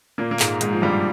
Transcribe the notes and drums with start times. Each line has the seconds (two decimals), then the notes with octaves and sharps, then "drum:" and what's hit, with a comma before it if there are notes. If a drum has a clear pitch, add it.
0.18 A#2 A#3
0.31 A#3
0.40 G#2 G#3, drum: clap
0.61 G#2 G#3, drum: hi-hat
0.73 F3
0.82 G2 G3